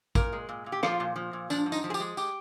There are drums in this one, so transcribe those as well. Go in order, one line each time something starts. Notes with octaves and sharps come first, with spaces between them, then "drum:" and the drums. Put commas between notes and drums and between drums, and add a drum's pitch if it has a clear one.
A#2 A#4, drum: kick A1, tambourine
G#3
A#2
A#2
G4
F3 F4, drum: rim click
A#2
F3
A#2
F3 D4, drum: tambourine
G#2
D#4, drum: tambourine
F3
G#4
G4, drum: tambourine
G#3
G4, drum: tambourine